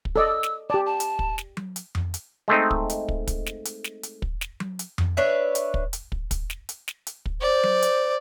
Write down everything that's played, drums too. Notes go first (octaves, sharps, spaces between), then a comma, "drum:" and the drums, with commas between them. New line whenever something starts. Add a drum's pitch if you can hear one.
drum: kick
A4 D5 D#5 E6
drum: snare
G4 D5 A5
A5
drum: hi-hat
drum: kick
drum: snare
drum: tom F#3
drum: hi-hat
drum: tom F2
drum: hi-hat
G#3 A3 C4 D#4
drum: kick
drum: hi-hat
drum: kick
drum: kick, hi-hat
drum: snare
drum: hi-hat
drum: snare
drum: hi-hat
drum: kick
drum: snare
drum: tom F#3
drum: hi-hat
drum: tom F2
D4 B4 C#5 E5
drum: hi-hat
drum: kick
drum: hi-hat
drum: kick
drum: kick, hi-hat
drum: snare
drum: hi-hat
drum: snare
drum: hi-hat
drum: kick
C5 D5
drum: tom F#3
drum: hi-hat